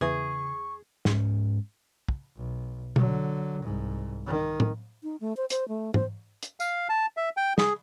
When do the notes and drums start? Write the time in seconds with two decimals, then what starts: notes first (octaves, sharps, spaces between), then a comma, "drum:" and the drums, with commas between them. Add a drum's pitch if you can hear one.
0.01 E2 C#3 E3 G#4 C#6
1.05 G#2 C#4, drum: snare
2.08 drum: kick
2.36 B1
2.96 D3 F#3, drum: tom B2
3.63 C2 G#2
4.27 D#3
4.60 drum: tom A2
5.03 D#4
5.21 A3
5.37 C5
5.50 C5, drum: hi-hat
5.68 A3
5.94 C5, drum: tom
6.43 drum: hi-hat
6.60 F5, drum: tambourine
6.89 A5
7.17 E5
7.37 G5
7.58 G#4, drum: snare